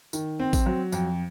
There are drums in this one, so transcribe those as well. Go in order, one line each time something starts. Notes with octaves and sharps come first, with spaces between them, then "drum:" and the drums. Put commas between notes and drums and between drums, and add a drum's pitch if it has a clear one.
D#3, drum: tambourine
C4
drum: kick A1, tambourine
F#3
F2, drum: tambourine